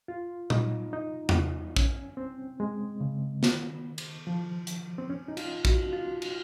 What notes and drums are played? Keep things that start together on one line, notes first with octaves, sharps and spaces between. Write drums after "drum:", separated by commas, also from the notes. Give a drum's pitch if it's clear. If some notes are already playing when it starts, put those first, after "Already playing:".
F4
D#4, drum: tom A#2
D#4
drum: tom E2
C#4, drum: kick
C4
G#3
C#3
D#3, drum: snare
drum: cymbal
F3
drum: hi-hat
C4
C#4
D#4
F4, drum: cymbal
F#4, drum: kick
F4
drum: cymbal